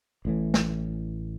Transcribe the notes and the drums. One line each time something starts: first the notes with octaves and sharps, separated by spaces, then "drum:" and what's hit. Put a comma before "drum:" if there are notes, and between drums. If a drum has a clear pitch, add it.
A1 A2 E3
drum: snare